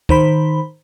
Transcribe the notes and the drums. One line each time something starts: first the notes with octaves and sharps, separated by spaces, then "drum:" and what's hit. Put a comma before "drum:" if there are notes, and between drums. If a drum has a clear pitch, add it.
D#3 C5 B5, drum: kick